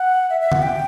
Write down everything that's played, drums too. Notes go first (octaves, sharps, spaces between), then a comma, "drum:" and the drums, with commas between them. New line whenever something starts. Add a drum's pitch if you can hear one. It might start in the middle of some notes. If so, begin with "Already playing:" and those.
Already playing: F#5
E5
E5
F#5, drum: tom D3
G5